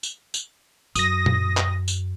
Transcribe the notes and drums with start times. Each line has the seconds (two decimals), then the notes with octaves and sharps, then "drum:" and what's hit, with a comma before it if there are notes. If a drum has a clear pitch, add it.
0.03 drum: tambourine
0.34 drum: tambourine
0.95 F#2 D#6 A#6, drum: tambourine
1.26 drum: tom A#2
1.57 drum: clap
1.88 drum: tambourine